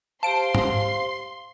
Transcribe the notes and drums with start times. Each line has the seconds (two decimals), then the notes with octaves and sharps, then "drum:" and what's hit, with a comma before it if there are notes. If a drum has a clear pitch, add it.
0.23 G4 C5 F5 A5 C6 D7
0.55 drum: tom G#2